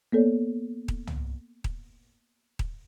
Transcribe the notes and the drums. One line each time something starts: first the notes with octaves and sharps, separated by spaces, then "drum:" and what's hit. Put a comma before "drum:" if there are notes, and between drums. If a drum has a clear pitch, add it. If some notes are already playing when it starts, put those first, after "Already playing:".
A#3 B3 A4 C#5 D5
drum: kick D#1
drum: tom
drum: kick D#1
drum: kick D#1